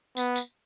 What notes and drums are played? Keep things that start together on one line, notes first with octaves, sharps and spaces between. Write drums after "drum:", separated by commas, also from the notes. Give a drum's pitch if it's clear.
B3, drum: tambourine
drum: tambourine